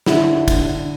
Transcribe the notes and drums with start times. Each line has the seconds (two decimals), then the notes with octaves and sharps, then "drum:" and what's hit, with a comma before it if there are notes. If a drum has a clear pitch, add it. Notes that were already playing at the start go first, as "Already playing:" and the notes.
0.06 D3 E4, drum: snare
0.35 D3
0.48 drum: kick, cymbal
0.61 D3